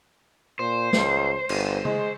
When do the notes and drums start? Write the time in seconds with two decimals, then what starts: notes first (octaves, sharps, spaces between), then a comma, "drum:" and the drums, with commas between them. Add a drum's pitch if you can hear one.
0.59 A#2 C5
0.93 C#2, drum: snare
1.49 G1, drum: cymbal
1.85 G#3, drum: tom C#3